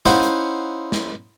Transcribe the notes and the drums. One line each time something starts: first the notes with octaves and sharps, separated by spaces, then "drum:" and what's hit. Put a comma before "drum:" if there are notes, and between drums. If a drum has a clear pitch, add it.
C#4 D#4 E4 C5 F5 F#5, drum: snare
drum: hi-hat
drum: snare